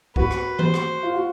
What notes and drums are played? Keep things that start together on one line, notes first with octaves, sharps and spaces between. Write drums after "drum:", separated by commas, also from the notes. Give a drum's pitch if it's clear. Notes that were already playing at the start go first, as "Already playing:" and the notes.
F#4 B4, drum: kick
drum: rim click
C5, drum: tom E3
drum: rim click
F4
F#4